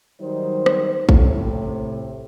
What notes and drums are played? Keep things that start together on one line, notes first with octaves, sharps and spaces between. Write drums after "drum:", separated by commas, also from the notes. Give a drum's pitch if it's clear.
D#3 F#3 G3 D#4 C5
drum: rim click
A2 C3, drum: kick A1